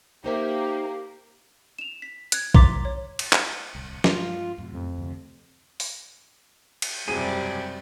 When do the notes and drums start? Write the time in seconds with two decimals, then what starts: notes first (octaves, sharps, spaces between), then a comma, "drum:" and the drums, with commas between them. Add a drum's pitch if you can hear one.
0.24 A#3 D#4 G4 C5 E5
1.79 E7 F7
2.02 B6
2.32 F#6 G#6, drum: hi-hat
2.55 A#5 C6 D6 A6 B6, drum: kick A#1
2.85 C#5
3.19 drum: cymbal
3.33 drum: clap
3.75 D1 C2
4.04 G2 F3 G#3 F4, drum: snare
4.58 F#2 A2 C3
4.73 F2
4.98 D2 C3
5.80 drum: open hi-hat
6.82 drum: cymbal
7.08 E1 F#2 C3 G3 G#4 D#7